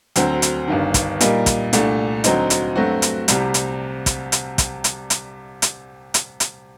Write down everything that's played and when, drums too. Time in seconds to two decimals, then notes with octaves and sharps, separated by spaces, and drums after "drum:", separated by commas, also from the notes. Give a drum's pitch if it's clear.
0.16 D2 D3 F#3 C4, drum: hi-hat
0.42 drum: hi-hat
0.68 G1 G2 D#3
0.94 drum: kick, hi-hat
1.21 A#2 G3 A#3 D#4, drum: hi-hat
1.46 drum: kick, hi-hat
1.73 C2 A#2 A3 D4, drum: hi-hat
2.24 D2 D3 F#3 C4 D#4, drum: hi-hat
2.50 drum: hi-hat
2.76 G2 F#3 A3 C4 F#4
3.02 drum: hi-hat
3.28 C2 C3 G3, drum: hi-hat
3.54 drum: hi-hat
4.06 drum: kick, hi-hat
4.32 drum: hi-hat
4.58 drum: kick, hi-hat
4.84 drum: hi-hat
5.10 drum: hi-hat
5.62 drum: hi-hat
6.14 drum: hi-hat
6.40 drum: hi-hat